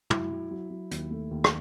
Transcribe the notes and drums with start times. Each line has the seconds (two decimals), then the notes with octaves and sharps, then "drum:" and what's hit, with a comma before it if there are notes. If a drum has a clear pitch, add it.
0.10 F#3 E4, drum: tom
0.30 F#3
0.51 F#3
0.70 F#3
0.91 D#2, drum: hi-hat
1.11 A3
1.31 D#2
1.44 drum: rim click